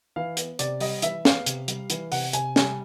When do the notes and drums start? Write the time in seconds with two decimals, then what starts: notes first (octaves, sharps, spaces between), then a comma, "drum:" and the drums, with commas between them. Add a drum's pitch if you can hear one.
0.16 E3 F5
0.37 B3, drum: hi-hat
0.59 C3 D5, drum: hi-hat
0.80 G3 D#5, drum: open hi-hat
1.02 E3 E5, drum: hi-hat
1.25 B3 F5, drum: snare
1.46 C3, drum: hi-hat
1.68 G3, drum: hi-hat
1.90 E3, drum: hi-hat
2.12 C3 F#5, drum: open hi-hat
2.33 C3 G#5, drum: hi-hat
2.56 G3 G#5, drum: snare